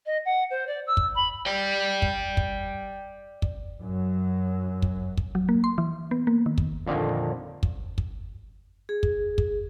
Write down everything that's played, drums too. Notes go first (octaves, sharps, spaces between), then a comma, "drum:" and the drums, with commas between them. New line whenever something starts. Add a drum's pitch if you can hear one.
D#5
F#5
C5
D5
E6
drum: kick
B5
D5 G5
drum: kick
drum: kick
drum: kick
F#2 F#3
drum: kick
drum: kick
F#3
A#3
C6
E3
B3
A#3
D#3
drum: kick
F2 A#2 D3 D#3 D#5 F5
drum: kick
drum: kick
G#4
drum: kick
drum: kick